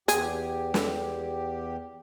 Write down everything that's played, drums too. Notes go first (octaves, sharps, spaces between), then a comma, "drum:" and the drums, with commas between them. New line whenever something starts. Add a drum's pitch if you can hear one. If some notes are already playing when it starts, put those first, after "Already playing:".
E2 G4 G#4, drum: hi-hat
drum: snare